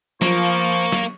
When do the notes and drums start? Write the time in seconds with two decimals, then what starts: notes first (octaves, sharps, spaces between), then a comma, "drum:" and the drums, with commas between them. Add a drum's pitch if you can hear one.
0.22 F3 A#3 C#6, drum: snare
0.92 drum: snare